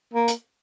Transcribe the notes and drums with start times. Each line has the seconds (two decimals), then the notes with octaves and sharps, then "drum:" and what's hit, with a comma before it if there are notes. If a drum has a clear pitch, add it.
0.14 A#3
0.28 drum: hi-hat